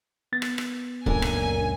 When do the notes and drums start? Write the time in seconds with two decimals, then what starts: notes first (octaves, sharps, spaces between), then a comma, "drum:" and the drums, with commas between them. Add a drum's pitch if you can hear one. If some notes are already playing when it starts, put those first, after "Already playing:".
0.33 B3 A6
0.42 drum: rim click
0.58 drum: rim click
1.06 C#2 F#2 A#2 D4 A4 A#4 G#5, drum: kick
1.22 drum: rim click